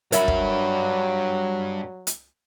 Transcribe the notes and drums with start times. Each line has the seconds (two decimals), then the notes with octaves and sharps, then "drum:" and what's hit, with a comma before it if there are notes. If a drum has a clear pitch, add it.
0.12 G2 F#3 A#4 C#5 E5 B5, drum: hi-hat
0.28 drum: kick
2.07 drum: hi-hat